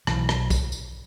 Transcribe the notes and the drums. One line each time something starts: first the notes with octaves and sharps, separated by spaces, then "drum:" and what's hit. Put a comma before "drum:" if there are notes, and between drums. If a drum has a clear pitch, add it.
B1 E3, drum: rim click
drum: rim click
drum: kick, tambourine
drum: tambourine